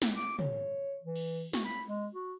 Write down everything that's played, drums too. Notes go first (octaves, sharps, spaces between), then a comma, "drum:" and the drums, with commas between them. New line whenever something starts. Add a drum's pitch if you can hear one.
drum: snare
D6
C#5, drum: tom
E3
drum: cymbal
F#4, drum: snare
B5
G#3
F#4